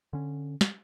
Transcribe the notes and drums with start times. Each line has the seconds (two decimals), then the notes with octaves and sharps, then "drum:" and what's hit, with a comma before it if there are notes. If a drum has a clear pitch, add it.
0.13 D3 C#4
0.61 drum: snare